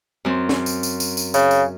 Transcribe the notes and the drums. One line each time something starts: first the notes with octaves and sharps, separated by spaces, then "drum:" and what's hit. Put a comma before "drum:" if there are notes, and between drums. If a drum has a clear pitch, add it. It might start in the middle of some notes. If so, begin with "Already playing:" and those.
F#2 C4
drum: snare
drum: tambourine
drum: tambourine
drum: tambourine
drum: tambourine
C#3, drum: tambourine
drum: tambourine